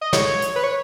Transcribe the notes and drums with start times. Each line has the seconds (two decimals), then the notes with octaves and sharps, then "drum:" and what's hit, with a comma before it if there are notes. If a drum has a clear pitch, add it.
0.01 D#5
0.13 C#5, drum: snare
0.42 drum: hi-hat
0.56 B4
0.64 C#5